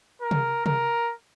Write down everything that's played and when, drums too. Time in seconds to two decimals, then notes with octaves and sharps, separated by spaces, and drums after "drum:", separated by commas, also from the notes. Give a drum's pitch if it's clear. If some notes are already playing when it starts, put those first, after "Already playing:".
0.22 A#4
0.31 drum: tom C3
0.66 A#4, drum: tom C3